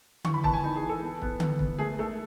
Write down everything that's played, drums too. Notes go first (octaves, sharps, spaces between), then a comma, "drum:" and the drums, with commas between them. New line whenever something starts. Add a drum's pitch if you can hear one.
E3 C#6, drum: tom D3
B5
B3 A5, drum: kick
G#5
D#4
G#4
E3
A4
B3
B3, drum: kick
B3, drum: tom D3
B3, drum: kick
A3 G#4
A3 A4